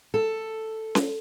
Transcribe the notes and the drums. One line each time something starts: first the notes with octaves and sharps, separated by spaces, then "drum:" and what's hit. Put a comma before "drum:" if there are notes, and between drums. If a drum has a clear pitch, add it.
A4
drum: snare C#4